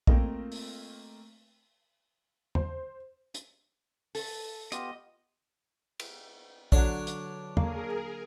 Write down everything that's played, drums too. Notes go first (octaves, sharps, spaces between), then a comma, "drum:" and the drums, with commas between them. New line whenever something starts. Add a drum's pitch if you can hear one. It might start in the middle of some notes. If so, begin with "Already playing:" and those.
A3 A#3 C4 F4 A#4 D#5, drum: kick A#1
drum: open hi-hat
C5, drum: tom
drum: hi-hat
A4, drum: open hi-hat
B3 F4 G4 D#5, drum: hi-hat
drum: cymbal
D3 F#3 D4 C#5, drum: kick A#1
drum: hi-hat
A#3 G#4 A#4, drum: tom